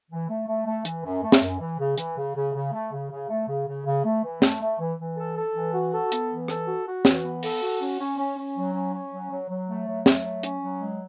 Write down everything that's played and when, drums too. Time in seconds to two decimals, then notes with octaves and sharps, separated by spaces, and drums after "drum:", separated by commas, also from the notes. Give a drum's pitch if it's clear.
0.11 E3
0.29 A3
0.47 A3
0.67 A3
0.85 E3, drum: hi-hat
1.04 F#2
1.23 A3
1.32 drum: snare
1.42 F#2
1.60 E3
1.79 C#3
1.98 E3, drum: hi-hat
2.17 C#3
2.35 C#3
2.54 C#3
2.73 A3
2.92 C#3
3.11 C#3
3.29 A3
3.48 C#3
3.68 C#3
3.86 C#3
4.05 A3
4.24 E3
4.42 A3, drum: snare
4.62 A3
4.80 E3
4.99 E3
5.17 A4
5.36 A4
5.55 E3
5.74 F#4
5.93 A4
6.12 B3, drum: hi-hat
6.31 E3
6.48 A4, drum: rim click
6.68 F#4
6.86 F#4
7.05 E3, drum: snare
7.24 B3
7.43 A4, drum: open hi-hat
7.62 F#4
7.81 C#4
8.00 C#4
8.18 C#4
8.37 C#4
8.56 F#3
8.74 C#4
8.93 C#4
9.12 F#3
9.31 F#3
9.50 F#3
9.68 A3
9.87 F#3
10.06 A3, drum: snare
10.25 F#3
10.43 C#4, drum: hi-hat
10.62 F#3
10.81 G#3